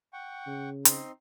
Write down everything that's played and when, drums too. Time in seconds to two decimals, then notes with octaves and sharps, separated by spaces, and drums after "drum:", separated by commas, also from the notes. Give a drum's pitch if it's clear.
0.13 F#5 G5 C#6
0.47 C#3
0.85 C4 D#4 C6, drum: hi-hat